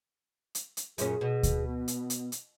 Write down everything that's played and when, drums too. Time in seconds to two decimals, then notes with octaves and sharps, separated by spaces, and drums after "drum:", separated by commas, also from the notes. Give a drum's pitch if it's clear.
0.55 drum: hi-hat
0.77 drum: hi-hat
0.98 F#2 A#2 C#4 G#4, drum: hi-hat
1.21 B2
1.43 drum: kick D2, hi-hat
1.67 B3
1.88 drum: hi-hat
2.10 drum: hi-hat
2.32 drum: hi-hat